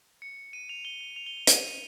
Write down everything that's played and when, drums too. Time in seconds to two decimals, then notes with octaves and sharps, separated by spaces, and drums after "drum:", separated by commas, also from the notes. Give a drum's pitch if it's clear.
0.22 C#7
0.53 D#7
0.69 F7
0.85 G7
1.01 F7
1.16 F7
1.26 G7
1.37 F7
1.47 D#7, drum: hi-hat